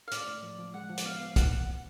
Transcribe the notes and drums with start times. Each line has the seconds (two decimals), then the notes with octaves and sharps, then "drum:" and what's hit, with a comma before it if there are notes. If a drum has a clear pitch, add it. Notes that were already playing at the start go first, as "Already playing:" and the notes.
0.08 F5
0.11 A2 D5, drum: hi-hat
0.27 A2
0.43 F3
0.59 F3
0.74 G#3 F#5
0.89 F3
0.97 D5, drum: hi-hat
1.05 B3 F5
1.20 B3
1.36 B3 F#5, drum: kick, hi-hat